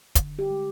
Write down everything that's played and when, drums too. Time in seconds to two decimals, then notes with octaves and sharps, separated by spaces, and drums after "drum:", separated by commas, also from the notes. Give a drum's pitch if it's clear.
0.15 D3, drum: kick, hi-hat
0.39 G4
0.50 G#3